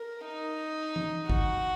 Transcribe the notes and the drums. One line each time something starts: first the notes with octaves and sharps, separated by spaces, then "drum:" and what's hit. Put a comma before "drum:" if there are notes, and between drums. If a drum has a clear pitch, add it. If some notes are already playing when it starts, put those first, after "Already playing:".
Already playing: A#4
D#4
drum: tom E3
F#4, drum: kick